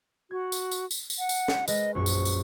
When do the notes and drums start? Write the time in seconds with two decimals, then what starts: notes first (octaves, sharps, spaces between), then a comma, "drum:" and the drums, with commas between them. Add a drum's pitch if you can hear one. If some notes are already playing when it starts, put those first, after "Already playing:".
0.31 F#4 G#6
0.52 drum: tambourine
0.71 drum: tambourine
0.91 drum: tambourine
1.10 drum: tambourine
1.19 F#5
1.29 drum: tambourine
1.48 drum: snare
1.68 G#3 A#4 B4 D#5, drum: tambourine
1.95 A#1 F#2 C#6
2.06 drum: tambourine
2.25 drum: tambourine